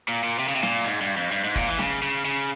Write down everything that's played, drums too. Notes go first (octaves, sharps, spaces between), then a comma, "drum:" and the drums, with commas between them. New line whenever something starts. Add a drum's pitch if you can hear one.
A#2
A#2
C3, drum: hi-hat
C#3
C3
A#2, drum: snare
G#2, drum: open hi-hat
G2
F2
G2, drum: hi-hat
G#2
A#2, drum: kick, hi-hat
E3
C#3, drum: snare
C#3, drum: hi-hat
C#3, drum: hi-hat